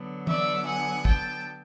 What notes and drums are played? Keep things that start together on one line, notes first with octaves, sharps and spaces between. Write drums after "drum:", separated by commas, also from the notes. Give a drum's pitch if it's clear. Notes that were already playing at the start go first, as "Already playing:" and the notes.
Already playing: D3 F#3 B3
D5 E5, drum: tom
F#5 G#5
G5 A5, drum: kick